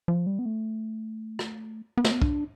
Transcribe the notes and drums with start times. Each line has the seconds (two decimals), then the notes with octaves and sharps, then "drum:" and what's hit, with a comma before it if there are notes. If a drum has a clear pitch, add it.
0.08 F3
0.27 G3
0.39 B3
0.46 A3
1.39 drum: rim click
1.98 B3
2.05 A3, drum: snare
2.11 B3
2.22 D4, drum: kick